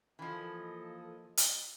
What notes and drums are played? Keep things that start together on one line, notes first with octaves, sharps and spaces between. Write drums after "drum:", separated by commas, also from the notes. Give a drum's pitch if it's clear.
E3 F3 A#3 A4 D#5
drum: hi-hat